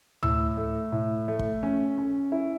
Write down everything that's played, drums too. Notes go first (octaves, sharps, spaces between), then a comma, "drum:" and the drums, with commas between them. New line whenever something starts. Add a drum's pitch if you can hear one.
A2 E6, drum: tom D2
A3
A2
A3
drum: kick
C#4
C#4
E4